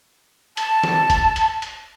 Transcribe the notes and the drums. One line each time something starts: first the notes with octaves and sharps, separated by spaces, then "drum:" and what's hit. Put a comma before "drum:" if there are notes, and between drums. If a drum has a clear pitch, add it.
A5, drum: hi-hat
drum: snare
drum: kick, hi-hat
drum: hi-hat
drum: hi-hat